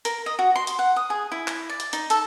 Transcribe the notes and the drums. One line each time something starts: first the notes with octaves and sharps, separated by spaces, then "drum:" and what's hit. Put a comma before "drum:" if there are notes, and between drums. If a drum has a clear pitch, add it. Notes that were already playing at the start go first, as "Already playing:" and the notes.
A#4, drum: hi-hat
D#5
F#4
C6
drum: hi-hat
F#5
D#6
G#4
E4
drum: clap
D5
drum: hi-hat
D#4, drum: hi-hat
A4, drum: hi-hat